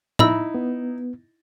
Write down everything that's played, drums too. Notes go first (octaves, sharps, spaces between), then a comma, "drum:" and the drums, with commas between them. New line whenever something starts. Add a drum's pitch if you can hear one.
D#4 E4 D#5 B5 E6, drum: tom A2
B3